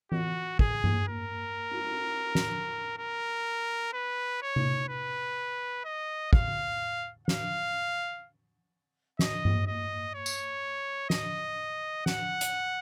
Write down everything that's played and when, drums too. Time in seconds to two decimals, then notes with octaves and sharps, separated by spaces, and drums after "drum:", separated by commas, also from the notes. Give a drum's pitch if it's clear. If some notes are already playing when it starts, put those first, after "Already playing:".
0.12 F#4, drum: tom E3
0.59 G#4, drum: kick
0.84 drum: tom G2
1.08 A#4
1.71 drum: cymbal
2.35 drum: snare
2.98 A#4
3.93 B4
4.42 C#5
4.56 drum: tom C3
4.89 B4
5.85 D#5
6.33 F5, drum: kick
7.28 F5, drum: snare
9.19 D#5, drum: snare
9.45 drum: tom G2
9.67 D#5
10.14 C#5
10.26 drum: tambourine
11.10 D#5, drum: snare
12.06 F#5, drum: snare
12.41 drum: hi-hat